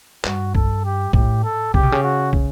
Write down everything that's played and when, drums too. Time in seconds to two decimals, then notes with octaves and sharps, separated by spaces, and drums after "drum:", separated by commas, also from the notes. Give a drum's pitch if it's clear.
0.24 G2 F#4, drum: clap
0.55 A4, drum: kick
0.84 G4
1.13 A2 G4, drum: kick
1.43 A4
1.74 C#3 G4, drum: kick
1.83 B2
1.92 C#3
2.03 F#4
2.33 drum: kick